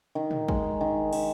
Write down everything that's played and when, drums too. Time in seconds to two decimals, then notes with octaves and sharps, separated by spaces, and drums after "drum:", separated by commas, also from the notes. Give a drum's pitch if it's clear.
0.15 D#3
0.31 drum: tom
0.48 G#3, drum: kick
0.81 D#3
1.13 D#3, drum: cymbal